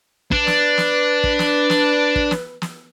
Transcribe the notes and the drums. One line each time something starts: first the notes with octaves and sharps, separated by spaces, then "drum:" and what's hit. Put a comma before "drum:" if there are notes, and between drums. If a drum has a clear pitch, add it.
D4 B4, drum: kick
drum: snare
drum: snare
drum: kick
drum: snare
drum: snare
drum: kick
drum: snare
drum: snare